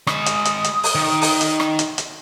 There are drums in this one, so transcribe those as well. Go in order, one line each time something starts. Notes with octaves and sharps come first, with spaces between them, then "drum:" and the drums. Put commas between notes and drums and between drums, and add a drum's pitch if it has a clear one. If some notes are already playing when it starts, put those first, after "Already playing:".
G#3 B5 D#6, drum: rim click
drum: hi-hat
drum: hi-hat
drum: hi-hat
drum: open hi-hat
D#3
drum: open hi-hat
drum: hi-hat
drum: rim click
drum: hi-hat
drum: hi-hat